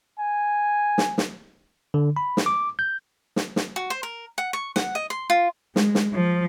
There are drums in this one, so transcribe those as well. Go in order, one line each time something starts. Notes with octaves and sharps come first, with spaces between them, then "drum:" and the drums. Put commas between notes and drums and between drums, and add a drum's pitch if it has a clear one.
G#5
drum: snare
drum: snare
D3
B5
drum: snare
D6
G6
drum: snare
drum: snare
F#4
C5
A#4
F#5
C#6
F#5, drum: snare
D#5
C6
F4
G#3, drum: snare
drum: snare
F3